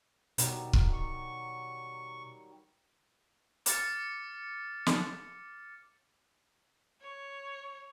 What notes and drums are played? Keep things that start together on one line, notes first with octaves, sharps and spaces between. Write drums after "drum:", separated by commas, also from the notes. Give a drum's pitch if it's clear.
B2 D#3 F#3 G3, drum: hi-hat
drum: kick
C#6
D6 F6 A6 C#7, drum: hi-hat
drum: snare
C#5